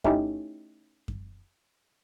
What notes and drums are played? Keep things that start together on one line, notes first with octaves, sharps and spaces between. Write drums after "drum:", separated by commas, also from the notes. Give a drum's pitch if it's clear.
A3 C#4 D#4 E4 G4, drum: kick F#2
drum: kick F#2